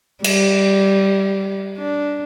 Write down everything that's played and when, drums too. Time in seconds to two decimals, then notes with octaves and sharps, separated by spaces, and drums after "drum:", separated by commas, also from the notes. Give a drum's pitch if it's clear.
0.24 G3, drum: cymbal
1.78 D4